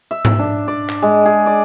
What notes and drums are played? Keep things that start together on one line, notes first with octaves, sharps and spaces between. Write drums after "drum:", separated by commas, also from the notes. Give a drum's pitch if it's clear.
E5
drum: tom G#2
D4
D5
drum: clap
G#3
G#4
D5